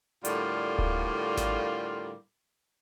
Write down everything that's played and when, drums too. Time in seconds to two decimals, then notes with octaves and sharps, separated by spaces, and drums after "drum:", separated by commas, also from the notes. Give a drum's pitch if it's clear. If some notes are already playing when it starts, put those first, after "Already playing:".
0.25 A2 D3 G3 A#3 F4, drum: hi-hat
0.78 drum: kick D1
1.37 drum: snare G#1